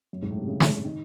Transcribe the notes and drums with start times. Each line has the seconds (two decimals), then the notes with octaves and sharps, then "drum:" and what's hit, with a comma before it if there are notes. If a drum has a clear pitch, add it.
0.13 F#2
0.22 G#2
0.30 A2
0.38 C3
0.47 C#3
0.60 drum: snare
0.85 D#3